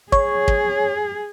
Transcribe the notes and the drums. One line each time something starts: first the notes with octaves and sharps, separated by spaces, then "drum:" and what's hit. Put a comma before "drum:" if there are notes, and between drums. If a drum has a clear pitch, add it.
G#4 C#5, drum: kick
drum: kick